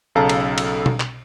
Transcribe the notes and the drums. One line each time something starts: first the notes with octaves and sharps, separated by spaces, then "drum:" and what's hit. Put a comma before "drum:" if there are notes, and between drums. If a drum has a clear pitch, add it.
B1 C#3 A4 F5 A5 A#5
drum: cymbal
drum: cymbal
drum: tom B2
drum: clap